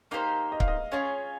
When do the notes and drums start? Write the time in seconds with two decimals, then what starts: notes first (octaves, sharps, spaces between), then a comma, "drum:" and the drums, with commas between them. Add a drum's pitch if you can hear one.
0.11 A#3 D#4 G4 C5 F5
0.52 D#5
0.60 F5, drum: kick C#1
0.68 D#5
0.92 C#4 F4 G#4 C#5